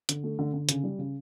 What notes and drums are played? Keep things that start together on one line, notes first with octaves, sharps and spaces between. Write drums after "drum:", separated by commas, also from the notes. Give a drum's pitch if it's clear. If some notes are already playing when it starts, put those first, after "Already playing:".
D3, drum: hi-hat
A3
D3
D3
C#3, drum: hi-hat
G3
C#3